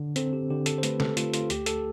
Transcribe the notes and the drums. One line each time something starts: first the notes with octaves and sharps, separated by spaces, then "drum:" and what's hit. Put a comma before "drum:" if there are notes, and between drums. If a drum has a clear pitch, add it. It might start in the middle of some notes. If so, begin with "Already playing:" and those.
Already playing: D3
C4 A4, drum: hi-hat
G4
D3 G4
A4, drum: hi-hat
C5
A3 B4, drum: hi-hat
A4, drum: snare
A3 F4, drum: hi-hat
F4, drum: hi-hat
D2 G4, drum: hi-hat
A4, drum: hi-hat